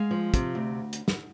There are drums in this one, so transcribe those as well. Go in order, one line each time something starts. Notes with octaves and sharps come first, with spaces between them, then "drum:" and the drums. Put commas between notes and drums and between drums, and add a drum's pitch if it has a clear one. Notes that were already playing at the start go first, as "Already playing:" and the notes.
Already playing: G#3 F5
F3
C3, drum: kick, hi-hat
D2
drum: hi-hat
drum: snare